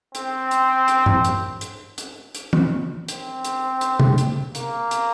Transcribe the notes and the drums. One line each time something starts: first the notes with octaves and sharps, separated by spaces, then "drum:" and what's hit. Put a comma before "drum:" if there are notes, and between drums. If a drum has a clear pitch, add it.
C4, drum: hi-hat
drum: hi-hat
drum: hi-hat
drum: tom G2
drum: hi-hat
drum: hi-hat
drum: hi-hat
drum: hi-hat
drum: tom E3
C4, drum: hi-hat
drum: hi-hat
drum: hi-hat
drum: tom
drum: hi-hat
A#3, drum: hi-hat
drum: hi-hat